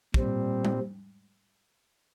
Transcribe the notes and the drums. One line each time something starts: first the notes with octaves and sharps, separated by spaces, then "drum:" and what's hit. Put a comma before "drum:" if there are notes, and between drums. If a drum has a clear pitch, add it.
A#2 G3 C4, drum: kick
drum: tom G3